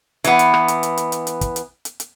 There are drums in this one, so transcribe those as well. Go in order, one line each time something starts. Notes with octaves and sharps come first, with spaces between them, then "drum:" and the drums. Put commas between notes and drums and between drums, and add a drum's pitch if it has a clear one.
E3 B3, drum: hi-hat
drum: hi-hat
drum: rim click
drum: hi-hat
drum: hi-hat
drum: hi-hat
drum: hi-hat
drum: hi-hat
drum: kick, hi-hat
drum: hi-hat
drum: hi-hat
drum: hi-hat